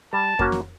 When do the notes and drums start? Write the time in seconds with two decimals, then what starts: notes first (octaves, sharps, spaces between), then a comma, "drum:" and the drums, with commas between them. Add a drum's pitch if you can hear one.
0.13 G3 A5
0.39 A#3 C#4 F#4, drum: kick F2
0.52 drum: snare